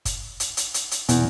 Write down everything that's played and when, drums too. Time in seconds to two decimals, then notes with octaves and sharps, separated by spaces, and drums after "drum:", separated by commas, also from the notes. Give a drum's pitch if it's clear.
0.05 drum: kick, hi-hat
0.40 drum: hi-hat
0.57 drum: hi-hat
0.74 drum: hi-hat
0.91 drum: hi-hat
1.09 E2 B2, drum: hi-hat